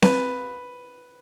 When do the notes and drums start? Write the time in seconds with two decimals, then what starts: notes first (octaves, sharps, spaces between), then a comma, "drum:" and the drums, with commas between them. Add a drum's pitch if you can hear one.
0.02 B4, drum: snare C4